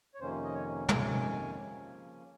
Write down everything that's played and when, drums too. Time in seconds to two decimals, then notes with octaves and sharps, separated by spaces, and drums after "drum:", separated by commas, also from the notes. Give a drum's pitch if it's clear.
0.15 C#5
0.19 F2 C3 D#3 A#3 C#4 C5
0.44 D#5
0.54 C#5
0.89 F2 C3 D#3 A#3 C#4 G#5, drum: tom
1.57 C#3 F3 A#3 C#4